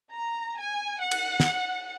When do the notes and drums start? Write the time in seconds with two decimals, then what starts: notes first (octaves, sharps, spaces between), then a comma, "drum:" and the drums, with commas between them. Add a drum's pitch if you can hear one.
0.15 A#5
0.58 G#5
1.01 F#5
1.11 drum: cymbal
1.40 drum: snare